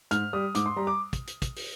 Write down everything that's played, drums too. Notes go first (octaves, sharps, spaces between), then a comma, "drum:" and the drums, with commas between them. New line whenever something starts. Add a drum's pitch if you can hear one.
G#2 F6, drum: hi-hat
G3 D#6
G#2 D6, drum: hi-hat
C6
G3 A#5
D6
drum: kick, hi-hat
drum: hi-hat
drum: kick, hi-hat
drum: open hi-hat